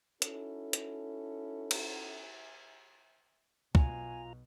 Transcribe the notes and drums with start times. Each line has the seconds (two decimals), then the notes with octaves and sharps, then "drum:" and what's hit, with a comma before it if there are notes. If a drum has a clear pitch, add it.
0.22 C#4 D#4 E4 F#4 A4, drum: hi-hat
0.73 drum: hi-hat
1.71 drum: cymbal
3.75 B1 B2 F4 G#5 A#5, drum: kick